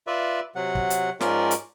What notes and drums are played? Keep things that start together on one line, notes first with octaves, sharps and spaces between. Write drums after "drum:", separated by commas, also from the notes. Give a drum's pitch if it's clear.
F4 B4 D5 E5
C3 F#3 F#5
drum: kick
drum: hi-hat
G#2 F3 C#4 F4 A#4 D5, drum: snare
drum: hi-hat